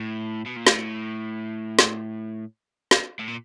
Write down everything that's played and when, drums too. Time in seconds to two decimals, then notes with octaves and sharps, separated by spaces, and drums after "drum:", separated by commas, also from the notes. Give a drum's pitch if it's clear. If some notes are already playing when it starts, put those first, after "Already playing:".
Already playing: A2
0.46 B2
0.57 A#2
0.67 A2, drum: snare
1.79 drum: snare
2.91 drum: snare
3.19 A2
3.28 A#2